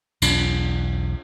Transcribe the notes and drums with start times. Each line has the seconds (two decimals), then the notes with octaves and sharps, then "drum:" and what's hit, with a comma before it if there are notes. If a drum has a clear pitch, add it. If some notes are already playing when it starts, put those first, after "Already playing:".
0.22 B1 E2, drum: cymbal